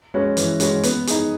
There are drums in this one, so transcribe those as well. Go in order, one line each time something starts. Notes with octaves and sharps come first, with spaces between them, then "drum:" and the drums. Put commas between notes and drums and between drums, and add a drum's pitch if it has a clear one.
G#3 C#4 F#4 B4
E3, drum: hi-hat
G#3 C#4 F#4 B4, drum: hi-hat
B3, drum: hi-hat
D#4 G#4, drum: hi-hat